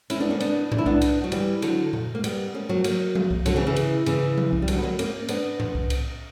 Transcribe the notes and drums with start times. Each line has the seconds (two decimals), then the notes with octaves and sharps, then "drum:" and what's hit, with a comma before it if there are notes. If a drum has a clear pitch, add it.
0.10 C#4 E4, drum: cymbal
0.20 B3 D4
0.30 A#3 C#4
0.40 B3 D4, drum: cymbal
0.72 D4, drum: tom G#2
0.78 E4
0.86 B3 D4, drum: kick C2
1.02 drum: cymbal
1.24 F#3
1.32 E3 G3, drum: cymbal
1.62 D3 F#3, drum: cymbal
1.93 drum: tom A#2
2.15 A#3
2.24 G3 B3, drum: cymbal
2.54 A#3 C#4
2.69 F#3 A#3
2.84 F#3 A#3, drum: cymbal
3.15 drum: tom F3
3.31 drum: kick C2
3.46 D3 F#3, drum: cymbal
3.56 C#3 E3
3.67 C#3 E3
3.76 drum: cymbal
4.06 C#3 E3, drum: cymbal
4.37 drum: tom F3
4.53 drum: kick C2
4.62 G3
4.68 D3 F#3, drum: cymbal
4.78 B3
4.83 F#3 A#3
4.99 A#3 C#4, drum: cymbal
5.29 B3 D4, drum: cymbal
5.60 drum: tom G#2
5.75 drum: kick C2
5.90 drum: cymbal